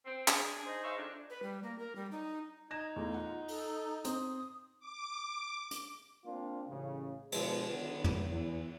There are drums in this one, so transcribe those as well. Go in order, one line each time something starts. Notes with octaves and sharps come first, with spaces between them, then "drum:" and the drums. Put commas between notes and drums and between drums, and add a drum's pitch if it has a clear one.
C4
D4 G#4 D#6, drum: clap
D#4 C5
C#5 E5 F5
F2 D4
B4
G3
A#3
A#4
G3
D#4
D#4 G#6 A#6 E7
E2 A3 F4
F#5
A4, drum: open hi-hat
C4 D#6, drum: hi-hat
D6
drum: hi-hat
A#3 C4 D4 F4
A1 C#3
B2 D3 F3 G#3, drum: cymbal
D3 D#3 F#3 B3
drum: tom
E2